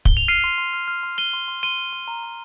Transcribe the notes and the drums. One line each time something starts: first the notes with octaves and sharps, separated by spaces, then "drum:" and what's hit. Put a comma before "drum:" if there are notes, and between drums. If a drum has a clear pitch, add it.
G7, drum: kick
F7
F6 C7 D#7
C6
C6
F6
F6
C6
C6 D#7 G7
C6
C6
C6 D#7 G7
F6
C6
A#5
A#5